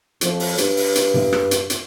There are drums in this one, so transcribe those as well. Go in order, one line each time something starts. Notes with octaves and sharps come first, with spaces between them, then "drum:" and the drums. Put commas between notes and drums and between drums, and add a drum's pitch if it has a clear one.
F2, drum: hi-hat
drum: open hi-hat
G2, drum: hi-hat
drum: open hi-hat
drum: hi-hat
drum: tom
drum: rim click
drum: hi-hat
drum: hi-hat